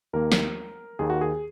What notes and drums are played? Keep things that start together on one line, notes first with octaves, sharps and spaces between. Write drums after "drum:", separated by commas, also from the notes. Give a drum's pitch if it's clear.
D#2 D#3 A#3 A#4
drum: snare
D#2 D#3 A#3 G#4
F#4
G#4